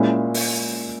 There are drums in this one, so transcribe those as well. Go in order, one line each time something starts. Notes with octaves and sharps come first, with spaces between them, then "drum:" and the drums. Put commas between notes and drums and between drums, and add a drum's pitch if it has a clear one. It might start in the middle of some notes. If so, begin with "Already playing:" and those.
Already playing: A#2 G#3 C#4 E4
drum: open hi-hat